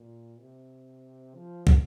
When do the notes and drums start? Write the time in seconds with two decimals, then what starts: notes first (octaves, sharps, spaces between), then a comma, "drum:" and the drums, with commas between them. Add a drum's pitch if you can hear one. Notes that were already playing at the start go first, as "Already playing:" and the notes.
Already playing: A#2
0.40 C3
1.34 F3
1.67 drum: kick